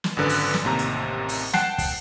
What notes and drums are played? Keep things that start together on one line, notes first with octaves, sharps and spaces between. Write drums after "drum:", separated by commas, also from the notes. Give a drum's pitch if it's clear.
drum: snare
G#1 F#2 D3 B4
drum: open hi-hat
drum: snare
A1 D#2 C3 A#5
drum: hi-hat
drum: open hi-hat
F#5 G5 A5 F#6 C7, drum: snare
drum: kick, open hi-hat